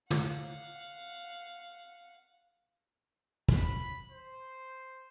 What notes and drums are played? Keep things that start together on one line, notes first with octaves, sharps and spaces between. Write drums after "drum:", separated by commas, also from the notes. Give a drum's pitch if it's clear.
F5 F#5, drum: tom
B5, drum: kick
C5